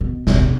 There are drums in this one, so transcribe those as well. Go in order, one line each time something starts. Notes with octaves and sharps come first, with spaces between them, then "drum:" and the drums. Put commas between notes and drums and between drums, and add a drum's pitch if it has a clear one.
B2
B2, drum: snare
C3
B2